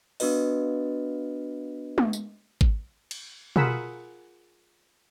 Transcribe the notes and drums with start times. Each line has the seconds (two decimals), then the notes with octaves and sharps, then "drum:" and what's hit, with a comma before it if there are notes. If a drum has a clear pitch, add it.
0.20 B3 D4 F#4 B4 D#5, drum: open hi-hat
1.98 drum: tom G#3
2.13 drum: tambourine
2.61 drum: kick G#1
3.11 drum: cymbal
3.56 F4 G#4 A#4 F#5 B5 E6, drum: tom B2